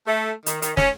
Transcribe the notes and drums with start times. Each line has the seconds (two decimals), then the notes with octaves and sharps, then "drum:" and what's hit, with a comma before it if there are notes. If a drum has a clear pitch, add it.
0.07 A3
0.46 D#3, drum: hi-hat
0.62 D#3, drum: hi-hat
0.77 C#4, drum: snare